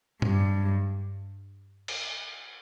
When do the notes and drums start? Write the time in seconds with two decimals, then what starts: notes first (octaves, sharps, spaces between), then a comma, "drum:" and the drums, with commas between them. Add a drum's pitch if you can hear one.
0.22 G2, drum: tom A2
1.88 drum: cymbal